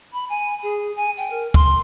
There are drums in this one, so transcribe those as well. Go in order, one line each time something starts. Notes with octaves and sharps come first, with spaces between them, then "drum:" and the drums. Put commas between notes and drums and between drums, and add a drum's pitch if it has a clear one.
B5
G#5
G#4
G#5
G5
A#4
C6, drum: kick